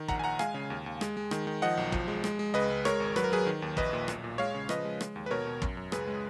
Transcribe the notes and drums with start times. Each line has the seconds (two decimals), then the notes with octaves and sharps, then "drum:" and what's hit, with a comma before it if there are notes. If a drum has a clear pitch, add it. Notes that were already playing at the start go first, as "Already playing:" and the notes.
Already playing: D#3
0.08 A#1 F#5 A#5, drum: kick
0.19 G#5
0.23 A#1 F#5 A#5
0.39 G#3 F5 G#5, drum: rim click
0.54 C#3
0.70 D#2
0.86 D#2
1.01 G#3, drum: rim click
1.17 G#3
1.31 D#3, drum: rim click
1.47 D#3
1.62 F3 D#5 F#5
1.77 B1
1.92 F3, drum: kick
2.08 G#3
2.24 G#3, drum: rim click
2.39 G#3
2.54 C#2 B4 D#5
2.70 C#2
2.85 G#3 A#4 C#5, drum: rim click
3.00 G#1
3.16 F#3 B4, drum: rim click
3.24 A#4
3.32 F#3 G#4 B4
3.46 D#3
3.62 D#2
3.77 A#1 B4 D#5, drum: kick
3.93 A#2
4.08 B1, drum: rim click
4.24 A#2
4.38 G#3 C#5 F5
4.54 C#3
4.69 F3 B4 D#5, drum: rim click
4.85 G#3
5.01 G#3, drum: rim click
5.16 D#2
5.26 B4
5.31 B2 A#4 C#5
5.47 B2
5.62 F#2, drum: kick
5.77 F#2
5.92 C#2 G#4 B4, drum: rim click
6.07 G#3